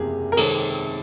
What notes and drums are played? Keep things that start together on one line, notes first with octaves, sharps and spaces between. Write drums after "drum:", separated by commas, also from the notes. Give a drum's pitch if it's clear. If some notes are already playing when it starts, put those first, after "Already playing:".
Already playing: F#1 E2 C3 F3 G4 G#4
A#4
C3 D#3 G#3 C4 A4, drum: cymbal